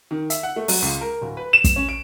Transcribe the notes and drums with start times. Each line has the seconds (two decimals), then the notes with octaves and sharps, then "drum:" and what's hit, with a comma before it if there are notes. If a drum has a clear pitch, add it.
0.11 D#3
0.30 E5, drum: hi-hat
0.43 F#5
0.56 A3
0.68 F#3, drum: open hi-hat
0.82 C#2
1.01 A#4
1.22 D1
1.37 B4
1.53 E7
1.64 drum: kick, hi-hat
1.76 C#4
1.89 D7